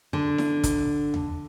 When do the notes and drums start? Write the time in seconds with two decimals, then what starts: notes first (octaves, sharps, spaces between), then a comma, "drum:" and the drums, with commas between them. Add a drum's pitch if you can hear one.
0.13 D3
0.38 drum: snare E4
0.63 drum: kick, hi-hat
1.14 drum: tom D#2